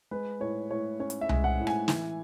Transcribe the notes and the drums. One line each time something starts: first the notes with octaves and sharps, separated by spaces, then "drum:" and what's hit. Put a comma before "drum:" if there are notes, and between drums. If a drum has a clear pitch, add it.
G#3 B4
A2 C#5
A2 C#5
C#4 C#5
drum: hi-hat
E5
G#3, drum: tom C2
F#5
A2
G#5, drum: rim click
E3, drum: snare